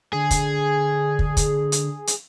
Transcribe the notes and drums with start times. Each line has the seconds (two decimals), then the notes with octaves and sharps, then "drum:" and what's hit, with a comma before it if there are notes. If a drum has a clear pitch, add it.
0.13 D3 G#4
0.31 drum: kick, hi-hat
1.19 drum: kick
1.37 drum: kick, hi-hat
1.72 drum: hi-hat
2.07 drum: hi-hat